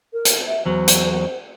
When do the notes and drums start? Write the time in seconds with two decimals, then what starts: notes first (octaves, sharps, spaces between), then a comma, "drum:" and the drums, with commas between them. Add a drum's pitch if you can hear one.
0.13 A#4
0.25 drum: hi-hat
0.47 E5
0.66 E2 F#3 C5
0.88 drum: hi-hat